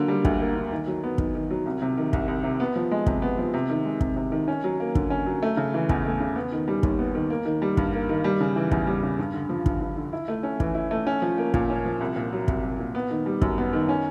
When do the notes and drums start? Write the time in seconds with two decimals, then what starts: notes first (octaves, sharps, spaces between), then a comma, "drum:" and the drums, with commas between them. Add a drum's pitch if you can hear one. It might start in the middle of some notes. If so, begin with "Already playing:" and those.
Already playing: D3 F#3 A#3
0.08 G3
0.25 D2, drum: kick
0.40 A#3
0.55 D3
0.72 D#3
0.87 F#3
1.04 B3
1.18 D#3, drum: kick
1.35 D#3
1.50 F#3
1.66 C2
1.82 C3
1.97 D#3
2.13 C2, drum: kick
2.28 C2
2.44 C3
2.60 B3
2.76 F3
2.91 G#3
3.06 C3, drum: kick
3.22 B3
3.38 F3
3.54 C3
3.70 D#3
3.85 G#3
4.01 C3, drum: kick
4.16 C3
4.32 D#3
4.48 C#4
4.64 F#3
4.80 A#3
4.95 D3, drum: kick
5.10 C#4
5.26 F#3
5.43 A3
5.57 C#3
5.74 E3
5.89 E2, drum: kick
6.05 A3
6.20 C#3
6.36 B3
6.52 D#3
6.68 G3
6.83 D#2, drum: kick
6.99 B3
7.15 D#3
7.30 A#3
7.45 D#3
7.62 G3
7.77 G2, drum: kick
7.93 A#3
8.09 D#3
8.24 G3
8.40 C#3
8.56 E3
8.71 E2, drum: kick
8.87 G3
9.03 C#3
9.19 G2
9.34 D3
9.49 F3
9.66 G2, drum: kick
9.81 G2
9.97 D3
10.13 E4
10.28 A3
10.43 C#4
10.60 E3, drum: kick
10.75 E4
10.91 A3
11.07 C#4
11.22 F3
11.38 A#3
11.54 A#2, drum: kick
11.70 C#4
11.86 F3
12.01 C2
12.16 A#2
12.33 F#3
12.48 C2, drum: kick
12.63 C2
12.79 A#2
12.95 B3
13.11 D#3
13.26 G3
13.42 F#2, drum: kick
13.58 B3
13.73 D#3
13.89 C#4